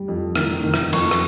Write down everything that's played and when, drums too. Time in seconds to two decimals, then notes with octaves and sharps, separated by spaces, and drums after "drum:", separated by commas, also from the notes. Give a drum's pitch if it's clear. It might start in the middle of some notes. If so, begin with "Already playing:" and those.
Already playing: G3
0.08 F2
0.36 D#3 F6, drum: rim click
0.64 D#3
0.74 drum: rim click
0.93 F2 C#6, drum: cymbal
1.11 drum: rim click